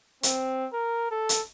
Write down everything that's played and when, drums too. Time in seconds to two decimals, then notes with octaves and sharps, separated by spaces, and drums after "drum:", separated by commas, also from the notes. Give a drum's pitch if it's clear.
0.23 C4, drum: hi-hat
0.73 A#4
1.11 A4
1.29 drum: hi-hat